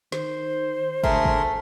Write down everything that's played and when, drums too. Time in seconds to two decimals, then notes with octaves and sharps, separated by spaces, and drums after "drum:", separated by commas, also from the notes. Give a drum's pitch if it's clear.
0.12 D#3 C5, drum: snare
1.04 D2 A3 G#4 A#4 C6, drum: kick
1.25 drum: kick